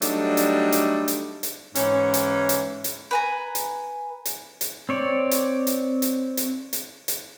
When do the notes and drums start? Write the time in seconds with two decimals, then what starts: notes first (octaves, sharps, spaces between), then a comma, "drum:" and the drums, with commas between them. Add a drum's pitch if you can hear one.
0.02 F#3 G3 A3 D4 D#4, drum: hi-hat
0.37 drum: hi-hat
0.72 drum: hi-hat
1.08 drum: hi-hat
1.43 drum: hi-hat
1.75 G#2 E3 C#4, drum: hi-hat
2.14 drum: hi-hat
2.49 drum: hi-hat
2.84 drum: hi-hat
3.11 B4 G#5 A#5
3.55 drum: hi-hat
4.25 drum: hi-hat
4.61 drum: hi-hat
4.89 C4 C#5 D5
5.31 drum: hi-hat
5.67 drum: hi-hat
6.02 drum: hi-hat
6.37 drum: hi-hat
6.73 drum: hi-hat
7.08 drum: hi-hat